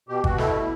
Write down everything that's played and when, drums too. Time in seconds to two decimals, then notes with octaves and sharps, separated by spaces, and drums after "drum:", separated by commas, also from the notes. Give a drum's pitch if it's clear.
0.09 B2 G4
0.24 B2 F#4, drum: kick
0.38 A3 E4, drum: snare
0.53 B2